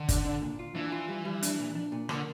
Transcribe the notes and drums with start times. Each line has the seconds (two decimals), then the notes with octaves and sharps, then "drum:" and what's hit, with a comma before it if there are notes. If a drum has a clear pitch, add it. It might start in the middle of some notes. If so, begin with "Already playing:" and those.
Already playing: D3
0.09 D4, drum: kick F#1, hi-hat
0.25 D4
0.42 A#2
0.59 F4
0.75 E3 D4
0.92 F4
1.08 G3
1.25 G3
1.43 D4, drum: hi-hat
1.59 A#2
1.75 D4
1.92 A#2
2.09 D3 A#3, drum: rim click